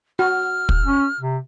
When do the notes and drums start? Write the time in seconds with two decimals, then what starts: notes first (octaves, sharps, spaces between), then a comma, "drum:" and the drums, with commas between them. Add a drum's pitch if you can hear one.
0.19 F#4 F6
0.69 drum: kick
0.85 C#4
1.20 C3